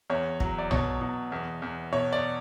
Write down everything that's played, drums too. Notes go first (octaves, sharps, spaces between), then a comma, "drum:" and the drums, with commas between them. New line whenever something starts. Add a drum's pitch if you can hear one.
E2 C#5
F#3, drum: kick
D5
B2 C#5, drum: tom B1
B2
E2
E2
B2 C#5
D5